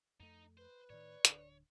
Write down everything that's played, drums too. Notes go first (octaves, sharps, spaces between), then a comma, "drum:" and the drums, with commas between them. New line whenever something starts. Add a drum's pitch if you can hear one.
F2 A3 D#4
B4 C5
A2 D3 D#3 C#5 D5
D1 D3 D4, drum: hi-hat